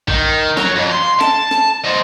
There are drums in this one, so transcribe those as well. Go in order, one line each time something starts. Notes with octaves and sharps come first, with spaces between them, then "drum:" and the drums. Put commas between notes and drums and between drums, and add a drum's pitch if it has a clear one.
D#3, drum: kick G#1
F#3, drum: snare
F2
C6
A5, drum: snare
drum: snare
C5 D#5